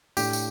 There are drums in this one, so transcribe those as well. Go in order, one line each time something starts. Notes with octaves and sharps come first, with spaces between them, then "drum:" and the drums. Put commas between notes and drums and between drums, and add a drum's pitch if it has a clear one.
A2 A3 D4 G4, drum: tambourine
drum: tambourine